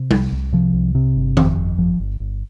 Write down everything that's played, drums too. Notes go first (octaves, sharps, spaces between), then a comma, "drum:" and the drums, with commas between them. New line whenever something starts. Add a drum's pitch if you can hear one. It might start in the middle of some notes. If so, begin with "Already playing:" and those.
Already playing: C3
C2, drum: tom G3
C2
C3 F3
C2
C3
G1
F2, drum: tom D#3
G1
G1 F3
G1
G1